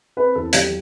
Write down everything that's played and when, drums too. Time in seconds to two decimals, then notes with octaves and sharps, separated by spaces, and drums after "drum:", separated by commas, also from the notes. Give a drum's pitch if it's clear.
0.17 C4 B4
0.35 E2 A4
0.53 F#3 G4, drum: hi-hat